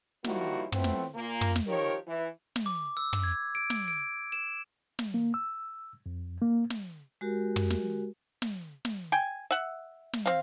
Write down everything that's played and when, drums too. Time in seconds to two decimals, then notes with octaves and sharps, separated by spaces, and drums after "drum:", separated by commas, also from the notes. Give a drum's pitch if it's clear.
0.24 D#3 F3 G3 A#3 E4 F#4, drum: snare
0.72 F2 A2 A3 B3 C4, drum: tom
0.84 drum: snare
1.15 A#2 A#3
1.41 drum: tom
1.56 drum: snare
1.67 D#3 F3 G4 A#4 C#5
2.06 E3
2.56 drum: snare
2.66 D6
2.97 E6
3.13 drum: tom
3.24 G#6
3.55 D7
3.70 drum: snare
3.88 D7
4.32 E7
4.99 drum: snare
5.14 A#3
5.34 E6
6.06 F2
6.42 A#3
6.70 drum: snare
7.21 G#3 F#4 G4 A#4
7.56 drum: tom
7.70 drum: snare
8.42 drum: snare
8.85 drum: snare
9.12 G5 G#5
9.51 E5 F#5
10.13 drum: snare
10.26 C4 F5